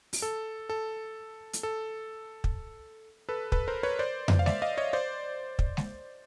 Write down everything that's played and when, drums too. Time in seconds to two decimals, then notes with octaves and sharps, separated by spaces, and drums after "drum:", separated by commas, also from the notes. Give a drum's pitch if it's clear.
0.13 drum: open hi-hat
0.22 A4
0.69 A4
1.53 drum: hi-hat
1.63 A4
2.44 drum: kick
3.29 A4 B4
3.52 A4 B4, drum: kick
3.68 A#4 C5
3.83 B4 C#5
3.99 C5 D5
4.28 drum: tom F2
4.39 F5
4.46 D5 E5, drum: snare G#3
4.62 D#5 F5
4.77 C#5 D#5
4.93 C5 D5
5.59 drum: kick
5.77 drum: snare G#3